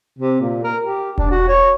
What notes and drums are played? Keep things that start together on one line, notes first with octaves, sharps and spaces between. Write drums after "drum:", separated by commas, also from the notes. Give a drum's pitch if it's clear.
C3
A#2
A#4
G4
D4, drum: kick E1
F#4
C#5